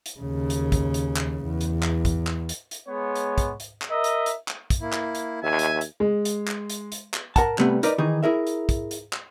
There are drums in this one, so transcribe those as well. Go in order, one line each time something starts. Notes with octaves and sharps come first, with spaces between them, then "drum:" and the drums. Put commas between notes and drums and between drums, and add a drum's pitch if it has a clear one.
drum: hi-hat
D#2 C#3
drum: hi-hat
drum: kick, hi-hat
drum: hi-hat
drum: clap
E2
drum: hi-hat
drum: clap
drum: kick, hi-hat
drum: clap
drum: hi-hat
drum: hi-hat
G#3 B3 C#5
drum: hi-hat
drum: kick, hi-hat
drum: hi-hat
drum: clap
A#4 D#5 E5
drum: hi-hat
drum: hi-hat
drum: clap
drum: kick, hi-hat
A#3 E4
drum: clap
drum: hi-hat
D#2 E5 G#5
drum: hi-hat
drum: hi-hat
G#3
drum: hi-hat
drum: clap
drum: hi-hat
drum: hi-hat
drum: clap
A#4 F#5 A5, drum: kick, hi-hat
C3 G3 A3 B3, drum: clap
D#4 A#4 B4 D5, drum: hi-hat
D#3 E3 D#4 G#4
E4 G#4 A#4 E5
drum: hi-hat
drum: kick, hi-hat
drum: hi-hat
drum: clap